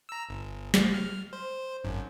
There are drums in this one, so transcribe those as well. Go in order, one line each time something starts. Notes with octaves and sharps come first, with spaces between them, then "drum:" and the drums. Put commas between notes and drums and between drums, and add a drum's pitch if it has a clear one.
A#5 E6
G1
drum: snare
F6
C5
G#1 F#2